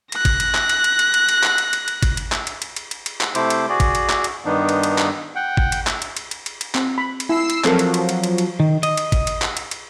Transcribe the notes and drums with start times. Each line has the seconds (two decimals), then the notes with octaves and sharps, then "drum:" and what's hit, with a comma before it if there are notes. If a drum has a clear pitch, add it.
0.12 F#6 A#6, drum: cymbal
0.25 drum: kick G1, cymbal
0.40 drum: cymbal
0.55 drum: clap
0.69 drum: cymbal
0.84 drum: cymbal
0.99 drum: cymbal
1.14 drum: cymbal
1.29 drum: cymbal
1.43 drum: clap
1.58 drum: cymbal
1.73 drum: cymbal
1.88 drum: cymbal
2.03 drum: kick G1, cymbal
2.17 drum: cymbal
2.32 drum: clap
2.47 drum: cymbal
2.62 drum: cymbal
2.76 drum: cymbal
2.91 drum: cymbal
3.06 drum: cymbal
3.21 drum: clap
3.35 C3 A3 E4 C5 D6, drum: cymbal
3.50 drum: cymbal
3.69 F#4 G#4 D5
3.80 drum: kick G1, cymbal
3.95 drum: cymbal
4.10 drum: clap
4.24 drum: cymbal
4.45 G2 D#3 B3 D4 D#4
4.69 drum: cymbal
4.83 drum: cymbal
4.98 drum: clap
5.36 F#5 G5
5.57 drum: kick G1
5.72 drum: cymbal
5.87 drum: clap
6.02 drum: cymbal
6.17 drum: cymbal
6.31 drum: cymbal
6.46 drum: cymbal
6.61 drum: cymbal
6.75 C4, drum: clap
6.98 B5
7.20 drum: cymbal
7.29 E4 E6 C7
7.50 drum: cymbal
7.64 F3 F#3 C4 A4 A#4, drum: clap
7.79 drum: cymbal
7.94 drum: cymbal
8.09 drum: cymbal
8.24 drum: cymbal
8.38 drum: cymbal
8.60 D#3
8.83 D#5, drum: cymbal
8.97 drum: cymbal
9.12 drum: kick G1, cymbal
9.27 drum: cymbal
9.42 drum: clap
9.57 drum: cymbal
9.71 drum: cymbal